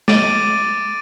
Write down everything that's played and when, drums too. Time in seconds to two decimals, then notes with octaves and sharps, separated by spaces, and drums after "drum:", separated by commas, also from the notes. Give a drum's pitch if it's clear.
0.08 D6 A6 D7 D#7, drum: snare